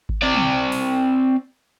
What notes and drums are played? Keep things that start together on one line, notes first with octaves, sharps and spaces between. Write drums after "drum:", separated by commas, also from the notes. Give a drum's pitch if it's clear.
drum: kick G#1
C4 D5
drum: tom
drum: open hi-hat